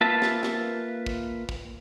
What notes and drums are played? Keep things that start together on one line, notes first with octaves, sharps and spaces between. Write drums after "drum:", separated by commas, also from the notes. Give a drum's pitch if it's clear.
A#3 F4 B4 E5 A5
drum: snare
drum: snare
drum: kick
drum: kick